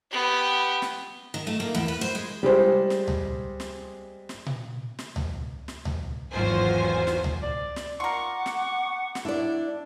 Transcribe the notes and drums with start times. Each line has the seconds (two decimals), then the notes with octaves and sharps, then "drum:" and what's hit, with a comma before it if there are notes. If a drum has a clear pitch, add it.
0.10 B3 G4
0.82 drum: snare
1.34 D#3
1.47 A3
1.60 A#3
1.75 E2
1.88 B4
2.01 C5
2.15 G#3
2.43 G3 G#3 C5
2.90 drum: snare
3.08 drum: tom C#2
3.60 drum: snare
4.29 drum: snare
4.46 drum: tom A#2
4.99 drum: snare
5.16 drum: tom C#2
5.68 drum: snare
5.85 drum: tom C#2
6.32 G#1 E2 F#3 F4 C5 G#5
7.07 drum: snare
7.24 drum: tom C#2
7.42 D5
7.76 drum: snare
8.00 F4 A#4 F#5 C#6 D6
8.46 drum: snare
9.15 drum: snare
9.25 D4 E4 D5